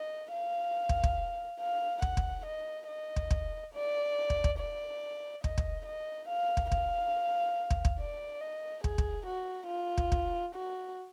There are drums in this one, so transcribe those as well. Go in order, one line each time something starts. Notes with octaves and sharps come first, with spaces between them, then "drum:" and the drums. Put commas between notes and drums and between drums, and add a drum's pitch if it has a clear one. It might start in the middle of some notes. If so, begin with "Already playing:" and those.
Already playing: D#5
F5
drum: kick
drum: kick
F5
F#5, drum: kick
drum: kick
D#5
D#5
drum: kick
drum: kick
D5
drum: kick
drum: kick
D5
D#5, drum: kick
drum: kick
D#5
F5
drum: kick
F5, drum: kick
drum: kick
drum: kick
D5
D#5
G#4, drum: kick
drum: kick
F#4
F4
drum: kick
drum: kick
F#4